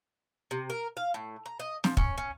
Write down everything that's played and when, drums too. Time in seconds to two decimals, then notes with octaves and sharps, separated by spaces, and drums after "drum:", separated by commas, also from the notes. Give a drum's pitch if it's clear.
0.51 C3
0.70 A#4
0.97 F5
1.14 A2
1.46 A#5
1.59 D#5
1.84 F3, drum: snare
1.97 C#4, drum: kick
2.18 C#4